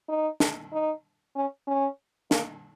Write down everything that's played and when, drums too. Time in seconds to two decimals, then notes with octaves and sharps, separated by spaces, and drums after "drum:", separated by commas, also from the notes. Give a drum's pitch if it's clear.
0.09 D#4
0.40 drum: snare
0.73 D#4
1.36 C#4
1.68 C#4
2.31 A#3, drum: snare